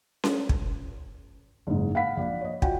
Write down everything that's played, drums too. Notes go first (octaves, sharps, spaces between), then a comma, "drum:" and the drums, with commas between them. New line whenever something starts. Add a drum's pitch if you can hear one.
drum: snare C#4
drum: kick
F#1 G#2
F5 F#5 B5 B6
A#1 D5
C#5 D#5
F4 F#4 F#5 G5, drum: kick